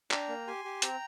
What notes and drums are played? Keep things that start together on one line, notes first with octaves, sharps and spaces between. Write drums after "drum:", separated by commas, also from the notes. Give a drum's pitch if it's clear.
D4 G5 A#5, drum: clap
A#3
G4 G#5 C6
G4
C4 G5 A#5, drum: hi-hat